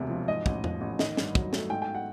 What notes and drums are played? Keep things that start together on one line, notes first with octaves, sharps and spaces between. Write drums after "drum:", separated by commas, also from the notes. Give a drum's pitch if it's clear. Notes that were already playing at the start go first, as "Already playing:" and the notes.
Already playing: E1 D2 C3
F3
G#2 D#5
A1, drum: kick
F3, drum: tom E2
A1
D#3 D#5, drum: snare
G2, drum: snare
F#3, drum: kick
A3, drum: snare
G#2 G5
G5
F#5